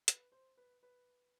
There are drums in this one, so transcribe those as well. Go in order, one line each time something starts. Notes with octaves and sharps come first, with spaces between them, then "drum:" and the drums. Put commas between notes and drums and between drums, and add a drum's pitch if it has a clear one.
B4, drum: hi-hat
C5
B4
B4